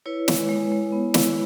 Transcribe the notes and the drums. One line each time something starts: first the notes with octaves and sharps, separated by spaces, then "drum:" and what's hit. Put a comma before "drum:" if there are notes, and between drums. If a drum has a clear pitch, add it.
E4 B4 C#5
G#3, drum: snare
G#3
G#3
B3
E4, drum: snare